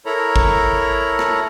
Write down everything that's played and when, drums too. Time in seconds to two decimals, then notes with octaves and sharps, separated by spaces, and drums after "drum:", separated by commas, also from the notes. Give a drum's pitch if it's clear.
0.06 E4 A4 A#4 C#5 A#5 B5
0.36 drum: kick G#1
1.19 drum: rim click